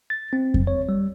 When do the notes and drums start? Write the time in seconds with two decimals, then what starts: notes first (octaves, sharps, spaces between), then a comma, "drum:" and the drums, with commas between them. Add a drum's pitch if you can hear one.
0.10 A6
0.33 C4
0.54 drum: kick F2
0.67 C#5
0.89 G3